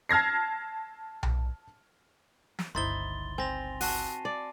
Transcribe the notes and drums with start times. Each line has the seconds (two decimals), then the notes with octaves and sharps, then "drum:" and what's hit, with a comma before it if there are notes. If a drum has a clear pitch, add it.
0.09 A5 F6 G#6 A#6 C7
1.23 drum: tom B1
2.59 drum: snare
2.75 G1 C#2 D#4 E4 C5 C6 A6 G7
3.38 C4 G#5 A#6 F7
3.81 F#4 A5 C7 D#7, drum: open hi-hat
4.25 D5